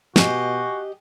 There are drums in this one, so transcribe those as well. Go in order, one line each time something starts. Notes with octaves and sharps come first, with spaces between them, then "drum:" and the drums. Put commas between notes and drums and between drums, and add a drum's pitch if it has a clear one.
B2 F#4 G4 D#5 G#5 G6 C7, drum: snare